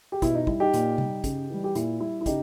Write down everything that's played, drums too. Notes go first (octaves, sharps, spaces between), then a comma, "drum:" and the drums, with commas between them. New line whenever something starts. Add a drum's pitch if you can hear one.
G4
B2 E4, drum: kick, hi-hat
D#4
G3 E4, drum: kick
D#4 G4
A#2, drum: hi-hat
G3, drum: tom C3
C#3, drum: kick, hi-hat
E3 G3
G4
A#2 E4, drum: hi-hat
G3 E4
E4
C#3 D#4 G4, drum: kick, hi-hat